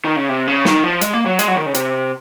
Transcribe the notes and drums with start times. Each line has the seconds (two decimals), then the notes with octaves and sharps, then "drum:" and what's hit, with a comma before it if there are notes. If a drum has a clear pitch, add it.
0.05 D#3
0.16 C#3
0.29 C3
0.47 C#3
0.65 D#3, drum: snare
0.84 F3
1.01 G#3, drum: hi-hat
1.13 A#3
1.26 F#3
1.39 G#3, drum: hi-hat
1.48 F#3
1.56 D#3
1.66 C#3
1.74 C3, drum: hi-hat